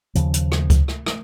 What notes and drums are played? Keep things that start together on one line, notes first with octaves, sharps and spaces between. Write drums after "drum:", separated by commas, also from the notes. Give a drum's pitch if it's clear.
D#2 C#3 F3, drum: hi-hat
drum: hi-hat
drum: rim click
drum: kick C#2, hi-hat
drum: rim click
drum: rim click